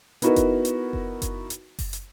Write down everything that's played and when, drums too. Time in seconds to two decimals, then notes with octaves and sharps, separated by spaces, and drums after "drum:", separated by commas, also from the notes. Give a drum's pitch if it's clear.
0.22 B3 D#4 E4 F#4 A#4 B4, drum: hi-hat
0.36 drum: kick F#1, hi-hat
0.65 drum: hi-hat
0.93 drum: kick F#1
1.22 drum: kick F#1, hi-hat
1.50 drum: hi-hat
1.79 drum: kick F#1, open hi-hat
1.93 drum: hi-hat